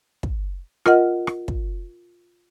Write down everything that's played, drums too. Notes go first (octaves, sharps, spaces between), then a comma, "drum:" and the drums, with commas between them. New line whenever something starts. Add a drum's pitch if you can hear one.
drum: kick
F4 A#4 D#5 F#5 F6, drum: rim click
drum: rim click
drum: kick